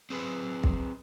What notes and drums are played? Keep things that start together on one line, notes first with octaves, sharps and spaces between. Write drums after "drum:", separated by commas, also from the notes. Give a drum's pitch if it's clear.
C4 G#4 B4
drum: kick